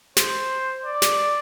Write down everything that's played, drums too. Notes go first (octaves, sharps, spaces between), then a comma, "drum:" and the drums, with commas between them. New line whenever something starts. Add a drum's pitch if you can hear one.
C5, drum: snare
D5
drum: snare